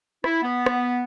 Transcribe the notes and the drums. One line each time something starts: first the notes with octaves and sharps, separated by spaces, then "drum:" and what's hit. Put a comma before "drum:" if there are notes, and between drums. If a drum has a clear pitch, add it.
E4, drum: rim click
B3
drum: rim click